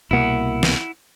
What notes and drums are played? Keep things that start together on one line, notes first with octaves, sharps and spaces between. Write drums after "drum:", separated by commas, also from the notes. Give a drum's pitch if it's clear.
C2 B2 A#3 E4 F#5
drum: snare